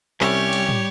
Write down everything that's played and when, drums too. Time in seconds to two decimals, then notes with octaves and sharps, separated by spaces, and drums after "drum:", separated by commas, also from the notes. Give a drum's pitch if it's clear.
0.21 C2 G3 C#4 G4 C#5 E5, drum: clap
0.53 drum: cymbal
0.69 drum: tom